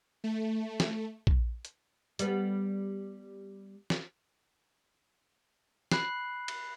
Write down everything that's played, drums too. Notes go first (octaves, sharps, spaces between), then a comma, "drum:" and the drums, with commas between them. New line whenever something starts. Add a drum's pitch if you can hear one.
A3
drum: snare
drum: kick
drum: hi-hat
G3 B3, drum: hi-hat
drum: snare
B5 F#6 C7, drum: snare
drum: cymbal